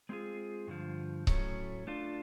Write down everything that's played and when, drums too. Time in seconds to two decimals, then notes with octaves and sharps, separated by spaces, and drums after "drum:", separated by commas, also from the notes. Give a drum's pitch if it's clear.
0.09 G#3 C4 F4 G#4
0.67 G2 D3 F3
1.27 A2 F#3 A3 C#4, drum: kick C#1
1.87 A3 D4 F4